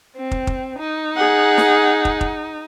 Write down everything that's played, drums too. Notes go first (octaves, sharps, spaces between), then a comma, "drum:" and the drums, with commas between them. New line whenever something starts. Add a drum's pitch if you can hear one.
C4
drum: kick
drum: kick
D#4
G#4 F#5
drum: snare
drum: kick
drum: kick